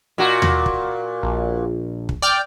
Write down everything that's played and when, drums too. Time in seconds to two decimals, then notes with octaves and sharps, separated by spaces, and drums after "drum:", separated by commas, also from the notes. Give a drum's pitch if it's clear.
0.18 A#2 F#4
0.42 drum: tom D#2
0.66 drum: kick
1.23 A#1
2.09 drum: kick
2.22 D5 G5 F6